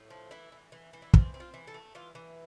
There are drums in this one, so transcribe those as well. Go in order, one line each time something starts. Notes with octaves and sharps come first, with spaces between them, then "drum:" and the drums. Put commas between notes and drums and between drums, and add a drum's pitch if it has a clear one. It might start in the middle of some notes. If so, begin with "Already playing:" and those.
Already playing: A2
F3
E3 E4
E3
E3
E3
E4
C4 F4, drum: kick
C4
F4
E3
A4
A3
E3 F4
E3